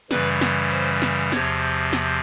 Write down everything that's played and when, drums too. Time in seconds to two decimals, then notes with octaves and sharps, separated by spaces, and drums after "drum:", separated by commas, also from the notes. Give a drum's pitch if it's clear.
0.11 F#2 C#3 E3 G3 B4, drum: snare
0.41 drum: snare
0.71 C5, drum: open hi-hat
1.02 drum: snare
1.32 E2 C3 F3 C#5, drum: snare
1.62 drum: open hi-hat
1.93 drum: snare